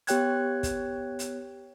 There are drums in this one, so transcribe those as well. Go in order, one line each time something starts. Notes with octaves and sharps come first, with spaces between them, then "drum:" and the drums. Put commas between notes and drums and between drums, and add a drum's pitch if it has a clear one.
B3 G4 C#5 G5 F#6 G#6, drum: hi-hat
drum: kick, hi-hat
drum: hi-hat